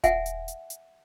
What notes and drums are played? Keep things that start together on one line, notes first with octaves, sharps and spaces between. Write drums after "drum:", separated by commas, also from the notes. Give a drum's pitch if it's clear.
E5 F#5 G#5, drum: kick D#1, hi-hat
drum: hi-hat
drum: hi-hat
drum: hi-hat